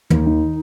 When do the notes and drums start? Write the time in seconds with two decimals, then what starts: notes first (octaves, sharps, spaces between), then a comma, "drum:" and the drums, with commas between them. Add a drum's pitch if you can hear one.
0.10 D#2 D#4, drum: tom
0.26 D#3